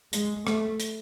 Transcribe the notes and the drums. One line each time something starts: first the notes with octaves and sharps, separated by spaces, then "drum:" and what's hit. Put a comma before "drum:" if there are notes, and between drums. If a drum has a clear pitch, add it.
G#3, drum: hi-hat
A3, drum: rim click
drum: hi-hat